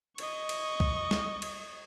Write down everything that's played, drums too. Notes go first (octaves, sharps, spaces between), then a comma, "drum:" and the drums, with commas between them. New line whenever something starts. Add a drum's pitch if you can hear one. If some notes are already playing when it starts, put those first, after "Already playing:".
D#5 C#6, drum: cymbal
drum: cymbal
drum: kick
drum: snare
drum: cymbal